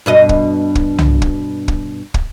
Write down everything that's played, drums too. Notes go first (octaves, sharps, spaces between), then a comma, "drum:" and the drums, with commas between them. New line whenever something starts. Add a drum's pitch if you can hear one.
G2 B2 D#5
drum: kick
drum: kick
drum: tom C2
drum: kick
drum: kick
drum: kick